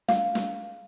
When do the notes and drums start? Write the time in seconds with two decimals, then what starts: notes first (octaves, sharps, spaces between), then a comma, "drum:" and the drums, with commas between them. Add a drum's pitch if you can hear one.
0.08 F5, drum: snare
0.35 drum: snare